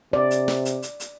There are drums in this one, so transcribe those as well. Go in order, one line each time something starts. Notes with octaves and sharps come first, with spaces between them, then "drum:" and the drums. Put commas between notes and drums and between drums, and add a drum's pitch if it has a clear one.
C3 D5
drum: hi-hat
drum: snare
drum: hi-hat
drum: hi-hat
drum: hi-hat